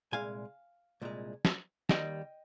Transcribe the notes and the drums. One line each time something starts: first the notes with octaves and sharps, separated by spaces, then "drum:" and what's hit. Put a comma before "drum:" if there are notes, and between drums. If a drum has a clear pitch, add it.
C2 A#2 G#3 F5 G#5
C2 A#2 G#3
drum: snare
D#2 D#3 G3 D#5 G5, drum: snare